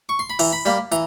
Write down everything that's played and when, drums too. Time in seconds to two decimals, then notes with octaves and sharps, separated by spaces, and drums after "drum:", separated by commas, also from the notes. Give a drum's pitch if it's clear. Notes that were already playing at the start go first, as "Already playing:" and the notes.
0.09 C#6
0.19 C6
0.30 B5
0.39 E3 A#5, drum: open hi-hat
0.52 B5
0.65 G3 A#3 B5
0.92 E3 A#5, drum: hi-hat